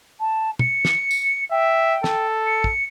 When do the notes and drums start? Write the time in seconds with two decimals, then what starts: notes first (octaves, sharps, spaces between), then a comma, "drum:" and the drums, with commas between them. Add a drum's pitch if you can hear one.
0.20 A5
0.59 C#7, drum: tom
0.85 drum: snare
1.11 drum: tambourine
1.51 E5 G5
2.04 A4, drum: snare
2.47 C#7
2.64 drum: kick